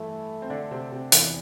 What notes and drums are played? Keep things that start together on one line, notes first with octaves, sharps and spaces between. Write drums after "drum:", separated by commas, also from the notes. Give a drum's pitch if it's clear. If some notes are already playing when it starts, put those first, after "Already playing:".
Already playing: G2 E3 A3 E4
C4
D3 D4
C3 C4
C3 C4
E2 E3, drum: hi-hat